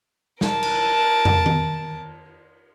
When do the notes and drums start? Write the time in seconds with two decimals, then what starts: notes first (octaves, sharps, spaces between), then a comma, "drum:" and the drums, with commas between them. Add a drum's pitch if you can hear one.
0.41 A#4 A5, drum: snare
0.63 drum: cymbal
1.25 drum: tom
1.46 drum: tom